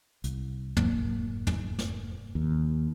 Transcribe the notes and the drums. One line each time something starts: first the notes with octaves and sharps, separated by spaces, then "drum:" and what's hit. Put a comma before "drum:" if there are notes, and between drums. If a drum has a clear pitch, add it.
C2, drum: hi-hat
F1 G#2 F#3 A#3, drum: tom
drum: tom
drum: snare
D#2